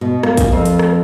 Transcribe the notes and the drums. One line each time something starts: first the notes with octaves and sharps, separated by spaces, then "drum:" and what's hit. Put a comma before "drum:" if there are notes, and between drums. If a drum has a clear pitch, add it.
B2
A#3, drum: rim click
drum: kick, hi-hat
F2
drum: hi-hat
drum: rim click